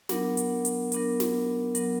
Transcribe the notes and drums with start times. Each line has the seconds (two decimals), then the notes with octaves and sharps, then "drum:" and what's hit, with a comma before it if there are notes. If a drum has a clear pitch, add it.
0.09 F#3 B3 D4 A#4, drum: snare
0.37 drum: hi-hat
0.65 drum: hi-hat
0.92 F#3 B3 D4 A#4, drum: hi-hat
1.20 drum: snare
1.75 F#3 B3 D4 A#4, drum: hi-hat